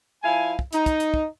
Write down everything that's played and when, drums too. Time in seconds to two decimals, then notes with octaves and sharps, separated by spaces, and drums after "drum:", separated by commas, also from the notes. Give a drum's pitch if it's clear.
0.23 F3 E4 F5 G#5
0.59 drum: kick
0.73 D#4, drum: hi-hat
0.86 drum: kick, hi-hat
1.00 drum: hi-hat
1.14 drum: kick